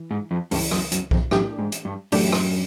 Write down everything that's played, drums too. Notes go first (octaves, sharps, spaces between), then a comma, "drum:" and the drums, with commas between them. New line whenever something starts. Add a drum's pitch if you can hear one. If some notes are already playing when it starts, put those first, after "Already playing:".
Already playing: E3
G#2
F2
C#2 G2 C#3 E3, drum: open hi-hat
F#2, drum: rim click
F#2, drum: hi-hat
F2, drum: kick B1
F#2 A2 E3 A3 D4 G4, drum: rim click
G#2
drum: hi-hat
G2
F#2 A2 E3 A3 D4 G4, drum: open hi-hat
drum: rim click